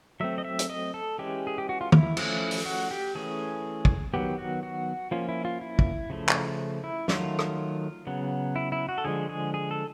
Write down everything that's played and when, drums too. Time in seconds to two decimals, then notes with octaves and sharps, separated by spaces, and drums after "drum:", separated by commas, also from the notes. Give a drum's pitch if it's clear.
0.20 F#3 A3 C4 E5
0.38 D#5
0.45 E5
0.59 drum: hi-hat
0.70 D#5
0.94 A4
1.19 E3 G#3 C#4 G4
1.47 G#4
1.58 G4
1.69 F#4
1.81 F4
1.92 E4, drum: tom
2.17 F3 A3 C#4, drum: cymbal
2.51 drum: open hi-hat
2.65 F#4
2.91 G4
3.15 E3 A3 C#4 G#4
3.85 drum: kick
4.14 D#3 F#3 B3 G4
4.38 F#4
4.63 F#4
5.11 F3 A#3 C#4 F4
5.29 E4
5.45 F4
5.61 E4
5.79 drum: kick
6.10 C#3 F3 A3
6.29 drum: clap
6.84 E4
7.08 D#3 F#3 A3 F4, drum: snare
7.39 drum: rim click
8.07 C#3 F#3 B3
8.56 E4
8.72 E4
8.89 F#4
8.98 A4
9.05 D3 F3 G#3 G#4
9.29 G#4
9.54 G#4
9.71 A4